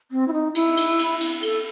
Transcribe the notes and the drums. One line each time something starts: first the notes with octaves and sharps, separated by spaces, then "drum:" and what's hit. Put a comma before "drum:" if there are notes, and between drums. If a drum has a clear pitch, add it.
C4
E4
D#4
E4, drum: cymbal
drum: cymbal
drum: cymbal
drum: cymbal
A4, drum: cymbal